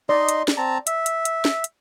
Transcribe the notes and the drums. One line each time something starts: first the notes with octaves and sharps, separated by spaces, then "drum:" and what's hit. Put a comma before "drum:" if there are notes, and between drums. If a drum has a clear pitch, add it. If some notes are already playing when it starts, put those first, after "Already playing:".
D#4 D5 D#5 C6
drum: hi-hat
drum: snare
C4 A5 A#5
E5, drum: hi-hat
drum: hi-hat
drum: hi-hat
drum: snare
drum: hi-hat